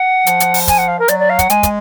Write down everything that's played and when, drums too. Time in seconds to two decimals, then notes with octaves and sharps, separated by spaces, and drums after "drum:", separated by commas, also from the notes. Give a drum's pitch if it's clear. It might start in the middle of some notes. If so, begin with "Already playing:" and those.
Already playing: F#5
0.27 F3, drum: hi-hat
0.40 drum: hi-hat
0.54 drum: open hi-hat
0.68 G#5, drum: kick, hi-hat
0.78 F#5
0.88 F5
0.99 A#4
1.08 F#3 D5, drum: hi-hat
1.19 D5
1.29 F5
1.39 F#5, drum: kick, hi-hat
1.50 G#3 G#5, drum: hi-hat
1.63 drum: kick, hi-hat